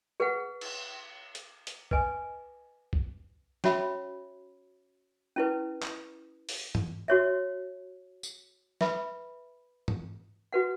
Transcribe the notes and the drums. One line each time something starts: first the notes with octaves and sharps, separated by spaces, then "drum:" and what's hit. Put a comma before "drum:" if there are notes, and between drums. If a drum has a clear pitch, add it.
G#4 B4 F#5
drum: cymbal
drum: hi-hat
drum: hi-hat
B4 D#5 G#5, drum: kick B1
drum: kick B1
C#4 F#4 C#5 E5 B5, drum: snare
C#4 E4 B4
drum: clap
drum: open hi-hat
drum: tom G#2
F#4 C#5 E5
drum: tambourine
B4 E5 B5, drum: snare
drum: tom G#2
F#4 B4 F#5